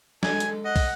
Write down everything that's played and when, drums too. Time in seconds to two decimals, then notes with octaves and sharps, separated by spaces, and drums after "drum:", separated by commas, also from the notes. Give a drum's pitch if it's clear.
0.23 G#3 A4 G#5, drum: snare
0.40 drum: hi-hat
0.65 D#5 F#5
0.76 drum: kick, open hi-hat